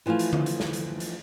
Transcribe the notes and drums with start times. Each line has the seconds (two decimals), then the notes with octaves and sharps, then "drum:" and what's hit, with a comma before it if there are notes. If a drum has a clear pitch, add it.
0.06 E3 F3 A3 F4 G#5
0.19 drum: hi-hat
0.33 drum: tom D3
0.46 drum: hi-hat
0.60 drum: snare
0.73 drum: hi-hat
1.00 drum: hi-hat